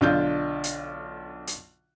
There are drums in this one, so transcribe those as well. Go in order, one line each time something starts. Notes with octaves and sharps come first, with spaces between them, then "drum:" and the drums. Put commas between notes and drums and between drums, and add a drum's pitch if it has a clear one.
B1 D3 D4 F4 G6
drum: hi-hat
drum: hi-hat